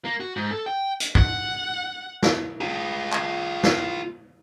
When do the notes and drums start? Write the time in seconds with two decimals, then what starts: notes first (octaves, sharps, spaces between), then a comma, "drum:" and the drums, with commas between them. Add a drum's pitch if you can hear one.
0.05 A#3
0.20 F#4
0.36 G#2
0.51 A4
0.66 G5
1.00 drum: hi-hat
1.15 F#5, drum: kick
2.23 drum: snare
2.61 F4 G#4
3.12 drum: clap
3.63 drum: snare